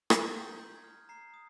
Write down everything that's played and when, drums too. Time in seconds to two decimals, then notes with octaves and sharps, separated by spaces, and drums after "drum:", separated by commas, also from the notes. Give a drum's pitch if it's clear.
0.10 A#5, drum: rim click
0.35 D#6 G6
0.59 C6 G6
0.76 G#6
0.84 F6
1.09 A#5 C7
1.34 D#6